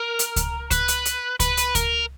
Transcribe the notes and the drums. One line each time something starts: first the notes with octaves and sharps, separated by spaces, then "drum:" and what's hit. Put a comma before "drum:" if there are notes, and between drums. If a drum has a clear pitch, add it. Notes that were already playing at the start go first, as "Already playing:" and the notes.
Already playing: A#4
drum: hi-hat
drum: kick C#2, hi-hat
B4, drum: kick C#2, hi-hat
drum: hi-hat
drum: hi-hat
B4, drum: kick C#2, hi-hat
drum: hi-hat
A#4, drum: kick C#2, hi-hat